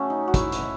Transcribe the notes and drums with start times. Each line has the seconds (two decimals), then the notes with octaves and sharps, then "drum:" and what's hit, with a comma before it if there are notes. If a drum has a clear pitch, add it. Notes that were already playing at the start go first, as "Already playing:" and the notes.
Already playing: C#3 F#3 A3 C#4
0.10 D#4
0.28 F#4
0.34 E4, drum: kick, hi-hat
0.52 drum: hi-hat